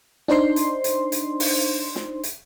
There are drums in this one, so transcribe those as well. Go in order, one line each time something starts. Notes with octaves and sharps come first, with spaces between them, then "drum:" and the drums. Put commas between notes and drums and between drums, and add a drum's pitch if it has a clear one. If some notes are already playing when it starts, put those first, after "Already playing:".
D4 D#4 C5 C6, drum: snare
drum: hi-hat
drum: hi-hat
drum: hi-hat
drum: open hi-hat
drum: snare
drum: hi-hat